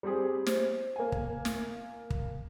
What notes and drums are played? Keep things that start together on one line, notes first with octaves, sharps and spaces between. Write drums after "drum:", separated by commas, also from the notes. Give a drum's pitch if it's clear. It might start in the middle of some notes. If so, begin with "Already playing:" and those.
G3 C4 G4 G#4
C5, drum: snare
A#3 G#5
drum: kick
drum: snare
drum: kick